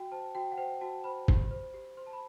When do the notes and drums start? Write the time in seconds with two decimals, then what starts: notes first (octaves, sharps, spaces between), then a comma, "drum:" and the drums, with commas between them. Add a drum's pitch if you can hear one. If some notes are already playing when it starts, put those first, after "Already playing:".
Already playing: F#4 G5
0.12 C5 A5
0.35 F#4 G5
0.52 F#5
0.58 C5 G5
0.81 F#4 A5
1.04 C5 B5
1.28 G4, drum: kick
1.51 C5
1.74 G4
1.97 C5 C6
2.07 A5
2.13 B5